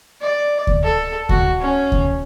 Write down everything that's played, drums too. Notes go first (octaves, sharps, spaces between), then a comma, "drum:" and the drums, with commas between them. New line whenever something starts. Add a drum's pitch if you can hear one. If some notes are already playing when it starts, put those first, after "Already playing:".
D5
drum: kick D2
A4
F#4, drum: kick D2
C#4
drum: kick D2